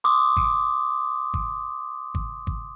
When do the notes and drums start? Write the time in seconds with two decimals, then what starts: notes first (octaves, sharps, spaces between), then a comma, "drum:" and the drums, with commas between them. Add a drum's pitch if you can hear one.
0.04 C6 D6 D#6
0.37 drum: kick G#1
1.34 drum: kick G#1
2.15 drum: kick G#1
2.47 drum: kick G#1